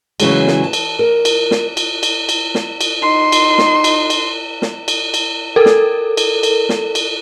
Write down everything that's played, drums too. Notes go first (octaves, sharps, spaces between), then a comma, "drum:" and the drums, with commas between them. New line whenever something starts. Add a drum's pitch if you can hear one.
C#3 E3 F#3 G#3, drum: cymbal
drum: snare
A5
drum: cymbal
A#4
drum: cymbal
drum: snare
drum: cymbal
drum: cymbal
drum: cymbal
drum: snare
drum: cymbal
D#4 C6
drum: cymbal
drum: snare
drum: cymbal
drum: cymbal
drum: snare
drum: cymbal
drum: cymbal
A4 A#4
drum: snare
drum: cymbal
drum: cymbal
drum: snare
drum: cymbal